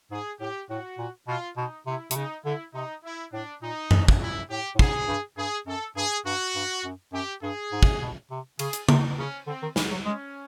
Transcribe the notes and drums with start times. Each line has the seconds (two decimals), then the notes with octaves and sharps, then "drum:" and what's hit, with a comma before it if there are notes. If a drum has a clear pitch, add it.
0.11 G#2 G#4
0.40 A2 G4
0.69 A2 F#4
0.98 A#2
1.28 B2 F4
1.57 B2 D#4
1.87 C3 E4
2.11 C3, drum: hi-hat
2.16 C#3 D#4
2.45 D3 E4
2.74 C3 D#4
3.03 E4
3.33 A2 D4
3.62 A#2 D#4
3.91 B2, drum: tom F#2
4.08 drum: kick
4.21 A#2 E4
4.50 A2 G4
4.75 A2
4.79 G#2 G#4, drum: kick
5.08 G2
5.37 G2 G#4
5.66 F#2 A4
5.96 G2 G#4
6.25 G2 F#4
6.55 G2
6.85 F#2
7.13 F#2 G4
7.42 G2 G#4
7.72 G#2
7.83 drum: kick
8.02 B2
8.31 C3
8.59 C#3 G#4, drum: cymbal
8.73 drum: hi-hat
8.89 C3 D#4, drum: tom
9.18 C#3 C#4
9.47 D3 C4
9.63 D#3
9.76 E3 B3, drum: snare
9.92 F#3
10.05 G#3 C#4